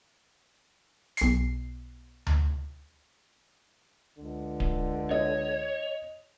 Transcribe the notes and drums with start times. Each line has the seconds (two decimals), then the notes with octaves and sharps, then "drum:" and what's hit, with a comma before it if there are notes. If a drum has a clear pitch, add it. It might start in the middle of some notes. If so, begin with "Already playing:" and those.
1.17 B1 C7, drum: hi-hat
2.27 drum: tom D2
4.18 C#2 D3
4.60 drum: kick D1
5.11 C#5 D#5